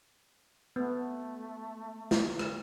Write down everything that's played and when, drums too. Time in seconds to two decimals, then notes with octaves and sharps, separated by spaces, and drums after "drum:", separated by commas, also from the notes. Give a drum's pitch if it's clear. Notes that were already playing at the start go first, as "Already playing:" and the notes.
0.76 A3 B3
2.11 drum: snare
2.39 drum: rim click